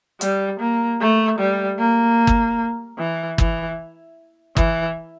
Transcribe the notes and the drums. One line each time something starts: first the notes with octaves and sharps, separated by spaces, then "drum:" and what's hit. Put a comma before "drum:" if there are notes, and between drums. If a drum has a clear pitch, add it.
G3, drum: hi-hat
A#3
A3
G3
A#3
drum: kick
E3
E3, drum: kick
E3, drum: kick